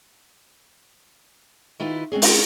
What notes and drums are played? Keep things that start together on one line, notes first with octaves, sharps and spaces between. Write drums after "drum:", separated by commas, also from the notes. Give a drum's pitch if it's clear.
D#3 E4 F4 G4 B4
G#3 C4 C#4 G#4
drum: open hi-hat